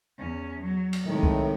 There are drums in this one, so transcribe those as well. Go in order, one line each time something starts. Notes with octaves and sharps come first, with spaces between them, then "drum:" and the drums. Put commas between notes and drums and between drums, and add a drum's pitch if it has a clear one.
E2 C#4
F#3
drum: cymbal
A2 C3 D#3 G#3
drum: kick C2